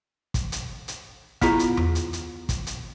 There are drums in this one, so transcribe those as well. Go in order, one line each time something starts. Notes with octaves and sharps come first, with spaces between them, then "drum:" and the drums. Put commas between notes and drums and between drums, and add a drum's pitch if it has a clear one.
drum: kick, hi-hat
drum: hi-hat
drum: hi-hat
B3 E4 F4 G#4 A#5, drum: kick, hi-hat
drum: hi-hat
drum: tom E2
drum: hi-hat
drum: hi-hat
drum: kick, hi-hat
drum: hi-hat